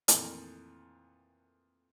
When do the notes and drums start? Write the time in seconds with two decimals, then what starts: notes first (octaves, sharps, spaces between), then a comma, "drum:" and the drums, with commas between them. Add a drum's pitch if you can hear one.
0.08 F2 A#2 D#3 E3 A3, drum: hi-hat